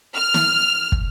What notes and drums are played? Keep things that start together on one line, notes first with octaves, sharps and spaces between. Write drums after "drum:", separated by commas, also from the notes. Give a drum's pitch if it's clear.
F6
drum: snare
drum: kick